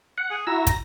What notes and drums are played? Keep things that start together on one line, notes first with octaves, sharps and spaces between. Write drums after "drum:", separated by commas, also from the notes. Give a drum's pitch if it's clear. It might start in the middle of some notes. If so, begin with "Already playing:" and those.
F#5
G#4
E4 F#4 A#5 E6
A#6, drum: kick, hi-hat